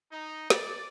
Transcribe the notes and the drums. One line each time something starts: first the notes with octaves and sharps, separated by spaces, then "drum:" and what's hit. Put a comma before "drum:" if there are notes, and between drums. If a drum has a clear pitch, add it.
D#4
D5, drum: snare